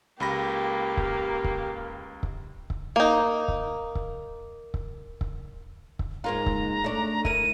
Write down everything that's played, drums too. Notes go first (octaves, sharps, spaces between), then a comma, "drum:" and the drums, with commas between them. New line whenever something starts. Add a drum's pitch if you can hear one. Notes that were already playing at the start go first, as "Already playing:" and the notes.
C#2 A#3 G4 B5 A#6
drum: kick C#1
drum: kick C#1
drum: kick C#1
drum: kick C#1
A#3 D#4
drum: kick C#1
drum: kick C#1
drum: kick C#1
drum: kick C#1
drum: kick C#1
G#2 A#3 F4 A#5
drum: kick C#1
A3 D4
E4 A#4 D#7, drum: kick C#1